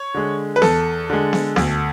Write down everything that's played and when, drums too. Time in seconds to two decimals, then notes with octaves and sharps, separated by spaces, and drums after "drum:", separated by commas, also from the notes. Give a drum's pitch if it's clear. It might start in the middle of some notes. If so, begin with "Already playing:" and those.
Already playing: C#5
0.14 D3 G#3
0.56 B4
0.62 E2 A4, drum: snare B3
1.10 D3 G#3
1.33 drum: snare B3
1.56 D2, drum: snare B3